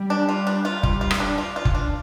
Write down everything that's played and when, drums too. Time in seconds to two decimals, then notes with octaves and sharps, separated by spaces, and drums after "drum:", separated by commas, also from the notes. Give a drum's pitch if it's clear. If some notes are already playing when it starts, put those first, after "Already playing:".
Already playing: G3
0.10 D4
0.29 F4
0.47 D4
0.65 F4
0.83 F4, drum: kick
1.01 F4
1.11 drum: rim click
1.20 D4
1.38 F4
1.56 F4
1.65 drum: kick
1.75 D4